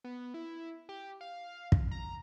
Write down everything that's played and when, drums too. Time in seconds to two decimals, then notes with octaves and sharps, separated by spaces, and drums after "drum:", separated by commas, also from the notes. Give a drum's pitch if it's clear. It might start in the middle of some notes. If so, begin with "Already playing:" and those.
0.04 B3
0.34 E4
0.89 G4
1.21 F5
1.72 drum: kick
1.91 A#5